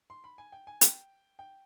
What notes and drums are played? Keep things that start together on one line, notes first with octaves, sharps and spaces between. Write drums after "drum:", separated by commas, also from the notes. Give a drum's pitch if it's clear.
C6
B5
G#5
G5
G#5
G5, drum: hi-hat
G5